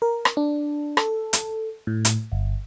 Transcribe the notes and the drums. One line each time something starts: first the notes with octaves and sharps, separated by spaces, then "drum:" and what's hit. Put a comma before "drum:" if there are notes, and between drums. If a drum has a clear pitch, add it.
A#4
drum: rim click
D4
A4, drum: rim click
drum: hi-hat
A2
drum: hi-hat
G1